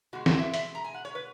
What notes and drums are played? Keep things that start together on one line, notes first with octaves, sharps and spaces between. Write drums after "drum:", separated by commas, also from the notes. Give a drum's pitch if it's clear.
B2 G#3 F#4
F#4, drum: snare
E5
E5, drum: hi-hat
A#5
G#5
F#5
C#5
B4